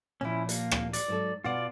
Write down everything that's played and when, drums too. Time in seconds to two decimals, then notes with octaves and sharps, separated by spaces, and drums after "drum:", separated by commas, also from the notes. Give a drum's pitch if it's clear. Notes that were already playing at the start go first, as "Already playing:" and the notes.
0.21 A#2 F3 C#4 E4
0.49 A#3, drum: hi-hat
0.71 drum: rim click
0.93 D5, drum: hi-hat
1.08 G#2 F#3 A4
1.44 B2 F4 D5 F#5